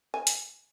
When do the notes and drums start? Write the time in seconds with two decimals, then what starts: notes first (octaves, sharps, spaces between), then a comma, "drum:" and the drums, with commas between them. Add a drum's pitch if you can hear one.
0.14 G#5
0.27 drum: hi-hat